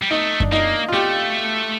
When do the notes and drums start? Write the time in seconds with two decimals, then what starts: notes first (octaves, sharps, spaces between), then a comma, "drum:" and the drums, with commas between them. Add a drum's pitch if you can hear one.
0.02 G3
0.10 A3 D#4
0.40 D4, drum: kick F#2
0.52 A#3 D#4
0.88 F4
0.93 A3 G4